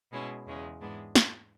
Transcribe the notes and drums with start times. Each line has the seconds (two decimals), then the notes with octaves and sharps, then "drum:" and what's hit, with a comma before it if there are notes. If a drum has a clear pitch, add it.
0.12 B2 G#3 C#4 E4
0.47 E2 C#3 G#3 C#4
0.81 G#2 E3 G#3 B3 D4
1.15 drum: snare